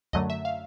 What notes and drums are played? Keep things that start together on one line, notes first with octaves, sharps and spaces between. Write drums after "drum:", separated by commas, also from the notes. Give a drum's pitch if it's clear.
F#2 D3 F#3 A3 D#5, drum: kick
E5
F5